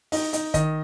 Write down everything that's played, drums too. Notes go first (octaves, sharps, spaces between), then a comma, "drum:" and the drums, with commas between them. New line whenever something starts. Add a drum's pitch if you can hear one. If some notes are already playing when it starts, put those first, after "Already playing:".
D#4, drum: open hi-hat
D#4, drum: hi-hat
D#3 D#5, drum: kick, hi-hat